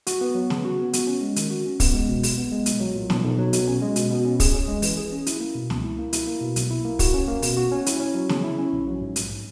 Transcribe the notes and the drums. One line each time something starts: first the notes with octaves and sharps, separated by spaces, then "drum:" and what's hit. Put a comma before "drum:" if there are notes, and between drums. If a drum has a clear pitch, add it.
F#4, drum: hi-hat
B3
F#3
C#3, drum: snare
F#4
B3
F#4, drum: hi-hat
C#4
G#3
D#3, drum: hi-hat
F#4
C#4
B3, drum: kick, open hi-hat
G#3
B2
B1, drum: open hi-hat
B3
G#3
B1, drum: hi-hat
F#3
A#2
B1, drum: snare
B1
F#3
B2, drum: hi-hat
C#4
G#3
B2, drum: hi-hat
B2
C#4
G#4, drum: kick, open hi-hat
C#4
G#3
E3, drum: open hi-hat
G#4
C#4
E4, drum: hi-hat
A#3
B2
C#2, drum: snare
E4
A#3
E4, drum: hi-hat
A#3
B2
B1, drum: hi-hat
E4
A#3
F#4, drum: kick, open hi-hat
C#4
A#3
B2, drum: open hi-hat
F#4
C#4
E4, drum: hi-hat
C#4
F#3
C#3, drum: snare
E4
C#4
A#1
F#3
G#2
A#1, drum: hi-hat